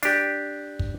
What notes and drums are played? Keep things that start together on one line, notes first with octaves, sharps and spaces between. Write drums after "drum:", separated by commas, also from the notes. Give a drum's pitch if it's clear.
D4 G4, drum: hi-hat
drum: kick